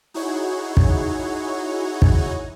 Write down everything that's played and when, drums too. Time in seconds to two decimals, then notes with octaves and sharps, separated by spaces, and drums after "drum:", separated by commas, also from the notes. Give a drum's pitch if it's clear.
0.14 D#4 E4 F#4 G#4 C#5
0.77 drum: kick
2.02 drum: kick